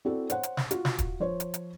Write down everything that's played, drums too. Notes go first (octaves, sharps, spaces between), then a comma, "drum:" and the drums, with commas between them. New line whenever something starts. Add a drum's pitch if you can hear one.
C4 E4 F#4 A4 D5
C5 C#5 F#5, drum: hi-hat
drum: hi-hat
drum: snare
F4 F#4, drum: hi-hat
drum: snare
drum: kick, hi-hat
F3 C5 C#5
drum: hi-hat
drum: hi-hat